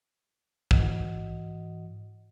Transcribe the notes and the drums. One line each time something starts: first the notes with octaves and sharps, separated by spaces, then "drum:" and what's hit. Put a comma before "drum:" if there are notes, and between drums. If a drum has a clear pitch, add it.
G#2 E3 F#4 D#5 F#5, drum: kick